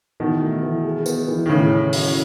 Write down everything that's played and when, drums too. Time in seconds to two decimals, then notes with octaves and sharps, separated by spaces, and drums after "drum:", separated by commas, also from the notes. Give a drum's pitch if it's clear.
0.20 B2 D#3 E3
0.42 A3
0.63 E3
0.85 G#4
1.06 B3, drum: tambourine
1.28 E3
1.46 D#3
1.49 A2 C#3 G#4
1.71 C#4
1.93 F#3, drum: open hi-hat